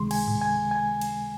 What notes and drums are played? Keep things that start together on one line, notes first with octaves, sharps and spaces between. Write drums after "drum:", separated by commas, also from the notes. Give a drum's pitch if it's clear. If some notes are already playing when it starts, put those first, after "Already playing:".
Already playing: C#2 C3 D#3 G#3 C6
G#5, drum: cymbal
drum: tom G#2
G#5
G#5
drum: cymbal